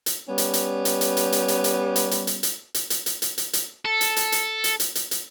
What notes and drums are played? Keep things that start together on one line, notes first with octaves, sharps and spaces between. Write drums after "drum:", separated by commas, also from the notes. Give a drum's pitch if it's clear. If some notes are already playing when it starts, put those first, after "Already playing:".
drum: hi-hat
G3 B3 C#4
drum: hi-hat
drum: hi-hat
drum: hi-hat
drum: hi-hat
drum: hi-hat
drum: hi-hat
drum: hi-hat
drum: hi-hat
drum: hi-hat
drum: hi-hat
drum: hi-hat
drum: hi-hat
drum: hi-hat
drum: hi-hat
drum: hi-hat
drum: hi-hat
drum: hi-hat
drum: hi-hat
A4
drum: hi-hat
drum: hi-hat
drum: hi-hat
drum: hi-hat
drum: hi-hat
drum: hi-hat
drum: hi-hat